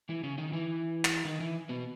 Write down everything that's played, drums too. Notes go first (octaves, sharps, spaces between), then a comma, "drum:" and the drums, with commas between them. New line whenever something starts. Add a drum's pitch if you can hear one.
E3 E4
C#3 C#4
D#3 D#4
E3 E4
drum: clap
D#3 D#4
E3 E4
B2 B3